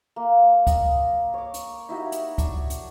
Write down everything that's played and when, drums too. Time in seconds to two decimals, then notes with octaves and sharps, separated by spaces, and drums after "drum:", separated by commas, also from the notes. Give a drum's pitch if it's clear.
0.16 A#3
0.67 D#5 F5, drum: kick C#2, hi-hat
1.34 C#5 D6
1.54 drum: hi-hat
1.89 D#4 E4 F#4 G4
2.12 drum: hi-hat
2.38 D4, drum: kick C#2, hi-hat
2.70 drum: hi-hat